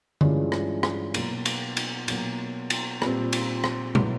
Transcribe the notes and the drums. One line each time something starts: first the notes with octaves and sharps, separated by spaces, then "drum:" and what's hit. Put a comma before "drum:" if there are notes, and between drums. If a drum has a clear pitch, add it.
G2 E3 G#3 C#4 F4, drum: tom D3
drum: rim click
drum: rim click
B2 F#3 A#3, drum: cymbal
drum: cymbal
drum: cymbal
B2 F#3 A#3, drum: cymbal
drum: cymbal
A#2 G3 C4, drum: rim click
drum: cymbal
drum: rim click
A2 F#3 B3 E4, drum: tom B2